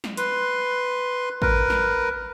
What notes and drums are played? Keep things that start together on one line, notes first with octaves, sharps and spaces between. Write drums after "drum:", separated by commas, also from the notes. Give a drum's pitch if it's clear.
drum: snare
B4 C6, drum: hi-hat
A#4 B4, drum: kick
drum: snare